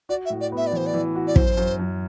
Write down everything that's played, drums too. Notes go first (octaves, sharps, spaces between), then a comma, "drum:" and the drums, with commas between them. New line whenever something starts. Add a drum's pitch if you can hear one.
F#4 D5
E5
A2
D5
B3
E5
D5
E3 C5
D5
E3
F#4
D5
F#2 C5, drum: kick
F#2
F#2